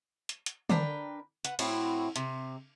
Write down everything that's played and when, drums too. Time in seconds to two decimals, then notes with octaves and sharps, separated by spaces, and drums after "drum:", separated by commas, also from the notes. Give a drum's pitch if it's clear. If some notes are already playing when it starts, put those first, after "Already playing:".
0.29 drum: hi-hat
0.46 drum: hi-hat
0.69 D4 A#4 B4 G5, drum: tom D3
1.45 B4 F#5, drum: hi-hat
1.59 A2 C4 E4 F#4, drum: cymbal
2.16 C3, drum: hi-hat